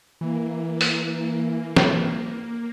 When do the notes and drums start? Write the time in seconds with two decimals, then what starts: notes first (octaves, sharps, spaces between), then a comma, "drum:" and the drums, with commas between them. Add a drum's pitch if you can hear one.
0.21 E3 A#3
0.81 drum: open hi-hat
1.76 drum: snare